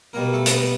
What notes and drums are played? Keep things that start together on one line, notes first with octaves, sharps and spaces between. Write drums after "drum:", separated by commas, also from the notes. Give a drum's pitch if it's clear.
B2 G3 A#3 A#4
A3 A4
C5, drum: hi-hat
B3 B4